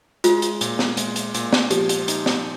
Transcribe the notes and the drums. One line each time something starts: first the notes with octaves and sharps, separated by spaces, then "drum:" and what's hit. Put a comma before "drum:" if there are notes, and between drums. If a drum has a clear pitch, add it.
G#3 F4, drum: hi-hat
drum: hi-hat
A#2, drum: hi-hat
drum: snare
G#3, drum: hi-hat
drum: hi-hat
A#2, drum: hi-hat
drum: snare
F3 G4, drum: hi-hat
drum: hi-hat
D#4, drum: hi-hat
drum: snare